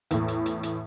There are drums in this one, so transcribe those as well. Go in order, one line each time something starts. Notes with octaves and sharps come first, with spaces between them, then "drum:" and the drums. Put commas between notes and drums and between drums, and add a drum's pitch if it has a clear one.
E2 A2, drum: hi-hat
drum: hi-hat
drum: hi-hat
drum: hi-hat